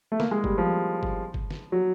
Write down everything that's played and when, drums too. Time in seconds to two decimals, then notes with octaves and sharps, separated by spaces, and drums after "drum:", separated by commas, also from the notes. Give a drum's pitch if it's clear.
0.12 A3
0.20 A#3, drum: snare
0.31 G#3
0.44 G3, drum: kick G1
0.58 F3
1.03 drum: kick G1
1.34 drum: kick G1
1.51 drum: snare
1.72 F#3